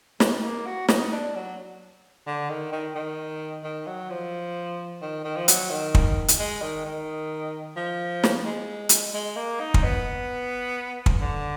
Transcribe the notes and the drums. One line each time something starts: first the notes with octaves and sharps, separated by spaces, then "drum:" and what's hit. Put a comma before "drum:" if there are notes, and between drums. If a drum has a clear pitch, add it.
G#3, drum: snare
A#3
F#4
D#4, drum: snare
D4
F#3
D3
D#3
D#3
D#3
D#3
F#3
F3
D#3
D#3
F3
F#3, drum: hi-hat
D#3
drum: kick
drum: hi-hat
G#3
D#3
D#3
F3
drum: snare
G#3
drum: hi-hat
G#3
A#3
D#4
drum: kick
B3
drum: kick
D3